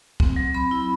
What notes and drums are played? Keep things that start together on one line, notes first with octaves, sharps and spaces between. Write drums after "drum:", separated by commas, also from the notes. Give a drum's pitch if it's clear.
C4, drum: kick
F#3
C4 B5
E4